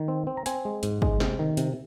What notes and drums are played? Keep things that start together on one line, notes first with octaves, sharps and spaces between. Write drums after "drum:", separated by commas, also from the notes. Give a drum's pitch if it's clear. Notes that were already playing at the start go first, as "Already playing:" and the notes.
Already playing: D#3
C4
C4
A#5
C4 G#5, drum: hi-hat
G#3
G#2, drum: hi-hat
G#3, drum: kick
C3, drum: snare
D#3
C3, drum: hi-hat